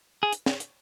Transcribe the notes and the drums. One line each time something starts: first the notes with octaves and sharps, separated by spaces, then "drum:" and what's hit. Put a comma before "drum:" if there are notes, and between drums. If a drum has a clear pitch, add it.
G#4
drum: hi-hat
drum: snare
drum: hi-hat